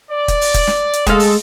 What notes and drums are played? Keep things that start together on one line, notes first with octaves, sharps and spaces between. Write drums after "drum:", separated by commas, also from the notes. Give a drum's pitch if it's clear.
D5
drum: kick, hi-hat
drum: open hi-hat
drum: kick, hi-hat
drum: snare
drum: hi-hat
G#3 A4 F5, drum: kick, hi-hat
drum: open hi-hat